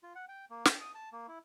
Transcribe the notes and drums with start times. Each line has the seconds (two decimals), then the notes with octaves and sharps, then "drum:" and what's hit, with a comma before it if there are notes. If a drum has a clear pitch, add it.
0.03 F4
0.15 F#5
0.28 G5
0.50 A#3
0.65 G5, drum: snare
0.80 D#6
0.95 A5
1.13 A#3
1.28 E4